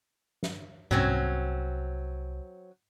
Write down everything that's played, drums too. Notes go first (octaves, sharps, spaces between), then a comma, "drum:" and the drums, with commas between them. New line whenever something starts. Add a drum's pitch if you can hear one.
drum: snare
C2 F#3 C4 C#4, drum: tom G#2